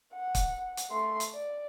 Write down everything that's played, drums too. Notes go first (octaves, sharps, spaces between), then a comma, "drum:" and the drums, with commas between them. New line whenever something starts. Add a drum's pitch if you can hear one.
F#5
drum: kick, hi-hat
drum: hi-hat
A3 C6
drum: hi-hat
D5